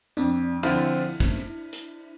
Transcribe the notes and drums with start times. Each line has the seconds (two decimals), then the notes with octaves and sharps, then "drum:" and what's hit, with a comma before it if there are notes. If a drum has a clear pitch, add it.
0.17 F2 D4, drum: tambourine
0.63 D3 F3 C4 E4 F4, drum: cymbal
1.20 drum: kick
1.73 drum: hi-hat